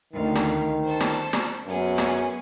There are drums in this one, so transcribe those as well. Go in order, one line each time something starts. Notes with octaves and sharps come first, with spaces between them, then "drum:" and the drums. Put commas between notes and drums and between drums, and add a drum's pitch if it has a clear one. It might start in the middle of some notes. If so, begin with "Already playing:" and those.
D2 D#3 F5
drum: snare
A4 C5
drum: snare
drum: snare
F#2 B3 C#4 G#4
drum: snare